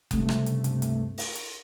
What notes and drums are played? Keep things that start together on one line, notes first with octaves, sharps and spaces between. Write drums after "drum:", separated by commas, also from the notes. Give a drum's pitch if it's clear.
C#2 G2 C3 A3, drum: kick F#1, hi-hat
drum: rim click
drum: hi-hat
drum: hi-hat
drum: hi-hat
drum: open hi-hat
drum: hi-hat